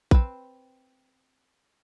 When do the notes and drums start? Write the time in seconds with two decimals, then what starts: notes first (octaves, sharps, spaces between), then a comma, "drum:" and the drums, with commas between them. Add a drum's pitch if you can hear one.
0.11 C4 B4, drum: kick A#1